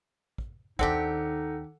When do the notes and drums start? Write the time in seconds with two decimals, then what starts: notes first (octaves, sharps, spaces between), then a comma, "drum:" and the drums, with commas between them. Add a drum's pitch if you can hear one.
0.38 drum: kick
0.79 D#2 D#3 C4 D4 D#4 G4 A4 F#5, drum: kick